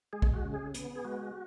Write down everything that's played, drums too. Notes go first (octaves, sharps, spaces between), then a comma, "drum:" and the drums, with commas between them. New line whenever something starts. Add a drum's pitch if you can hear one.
G#3 G#4
drum: kick
F#4
C#3
G#4
B3, drum: hi-hat
G#4
G#3 F#4